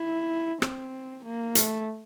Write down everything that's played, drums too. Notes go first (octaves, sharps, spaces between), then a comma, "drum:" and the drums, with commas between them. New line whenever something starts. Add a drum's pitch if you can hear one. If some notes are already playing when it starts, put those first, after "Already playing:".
Already playing: E4
C4, drum: rim click
A#3
A3, drum: hi-hat